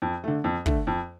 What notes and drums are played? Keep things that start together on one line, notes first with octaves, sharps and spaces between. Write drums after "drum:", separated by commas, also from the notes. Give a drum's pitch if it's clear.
F2
D3 A3
F2
D3 A3, drum: kick
F2